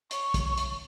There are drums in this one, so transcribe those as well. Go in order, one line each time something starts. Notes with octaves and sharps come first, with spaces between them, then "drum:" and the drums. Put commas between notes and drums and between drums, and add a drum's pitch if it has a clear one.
C#5, drum: hi-hat
drum: kick, hi-hat
drum: hi-hat